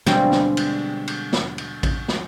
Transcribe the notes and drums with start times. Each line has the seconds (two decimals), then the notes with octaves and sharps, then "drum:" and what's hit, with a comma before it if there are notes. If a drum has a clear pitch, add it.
0.06 B2 D3 F3 G3 G#3 C4, drum: snare
0.32 drum: snare
0.57 drum: cymbal
1.07 drum: cymbal
1.33 drum: snare
1.58 drum: cymbal
1.83 drum: kick A1, cymbal
2.09 drum: snare